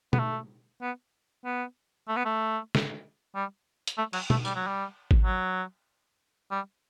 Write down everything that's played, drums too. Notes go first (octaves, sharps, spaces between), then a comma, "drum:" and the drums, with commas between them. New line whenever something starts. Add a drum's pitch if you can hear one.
B3, drum: tom
A3
B3
B3
A3
B3
A3
drum: snare
G3
drum: hi-hat
A3
F#3, drum: cymbal
A3, drum: tom
G3, drum: tambourine
F#3
G3
drum: kick G#1
F#3
G3